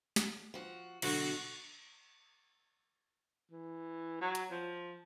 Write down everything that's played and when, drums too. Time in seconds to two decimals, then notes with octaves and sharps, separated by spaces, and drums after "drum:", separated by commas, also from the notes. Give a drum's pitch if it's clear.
0.16 drum: snare
0.54 F3 F#4
1.02 B2 D3 F#3 F#4, drum: cymbal
3.51 E3
4.21 F#3
4.35 drum: hi-hat
4.51 F3